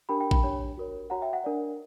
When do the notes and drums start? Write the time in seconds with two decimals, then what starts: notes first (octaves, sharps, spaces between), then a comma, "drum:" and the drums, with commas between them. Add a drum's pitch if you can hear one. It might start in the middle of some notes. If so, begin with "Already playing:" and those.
0.09 D4 G4 A#4 G5 B5
0.20 G5 B5
0.31 G5 B5, drum: kick A1
0.43 D4 G4 C#5
0.77 F#4 A#4 C#5
1.10 F#4 C#5 F#5 A#5
1.22 E5 G5
1.33 F#5
1.44 D4 A#4 D5